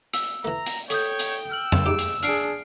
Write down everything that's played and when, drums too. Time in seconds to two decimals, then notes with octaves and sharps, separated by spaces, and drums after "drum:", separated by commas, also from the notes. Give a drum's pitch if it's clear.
0.13 E6, drum: hi-hat
0.45 E3 A3 A#5
0.66 drum: hi-hat
0.90 A4 C#5 G5 D#6 G6, drum: hi-hat
1.19 drum: hi-hat
1.51 E6 F6 F#7
1.72 drum: tom F2
1.86 D#4 G4 G#4 D7
1.99 drum: hi-hat
2.23 D4 G#4 F6 C7 D7, drum: hi-hat